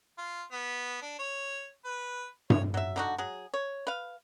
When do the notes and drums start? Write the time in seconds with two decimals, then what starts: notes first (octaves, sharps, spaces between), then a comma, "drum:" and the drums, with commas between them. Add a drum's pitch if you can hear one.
0.18 F4
0.52 B3
1.02 D4
1.19 C#5
1.85 B4
2.50 C#5, drum: tom G2
2.74 F#3 E5
2.96 D3 D#4 F#4
3.18 F#3 G#4
3.54 C#5
3.87 B4 F5